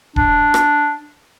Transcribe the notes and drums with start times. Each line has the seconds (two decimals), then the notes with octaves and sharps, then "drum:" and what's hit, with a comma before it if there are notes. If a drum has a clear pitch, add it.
0.16 D4, drum: kick D#1
0.54 drum: rim click